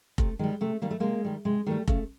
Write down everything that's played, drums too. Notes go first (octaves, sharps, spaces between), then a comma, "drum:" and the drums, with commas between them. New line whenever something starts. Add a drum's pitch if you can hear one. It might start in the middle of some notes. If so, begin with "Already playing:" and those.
C3 A3, drum: kick F1
D#3 G3 G#3
C3 A3
D#3 G3 A#3
A3
C3 G#3 A#3
D#3 G3
C3 G#3
D#3 G3 A3
C#3 A3, drum: kick F1